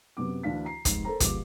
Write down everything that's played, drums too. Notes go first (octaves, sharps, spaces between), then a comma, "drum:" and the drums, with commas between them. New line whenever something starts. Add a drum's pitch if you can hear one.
F#2 C3 B3 D6
D2 E3 D4 E4 F5 B6
A#5 C7
F1 G#2, drum: kick, hi-hat
A4 A#4 C5 A#5
B2 F3 G#3 G4 D6, drum: kick, hi-hat